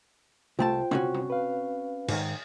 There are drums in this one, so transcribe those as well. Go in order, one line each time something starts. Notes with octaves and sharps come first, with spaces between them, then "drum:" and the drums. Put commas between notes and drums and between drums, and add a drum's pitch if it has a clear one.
C2 A3 F4 C5 G5 A5
C4 C#4 F#4, drum: tom C3
drum: tom C3
B4 F5
G#2 D#3, drum: cymbal